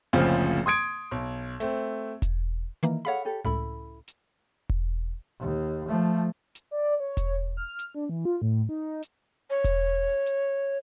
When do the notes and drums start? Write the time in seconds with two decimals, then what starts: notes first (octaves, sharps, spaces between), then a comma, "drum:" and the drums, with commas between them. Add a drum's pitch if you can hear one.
0.13 F#1 D2 C#3 F3 C4
0.66 C6 D#6 G#6 D7
1.11 B1
1.60 A3 C4, drum: hi-hat
2.22 drum: kick E1, hi-hat
2.83 D#3 E3 A#3, drum: hi-hat
3.05 G#4 A4 C#5 F5 F#5 B5
3.25 G4 A4
3.45 C#2 A2 E4 A4 B5
4.08 drum: hi-hat
4.69 drum: kick E1
5.40 D#2
5.88 F3 A3
6.55 drum: hi-hat
6.71 D5
7.00 C#5
7.17 drum: kick E1, hi-hat
7.57 F6
7.79 drum: hi-hat
7.95 D4
8.09 E3
8.25 F4
8.42 A2
8.69 D#4
9.03 drum: hi-hat
9.50 C#5
9.64 drum: kick E1, hi-hat
10.26 drum: hi-hat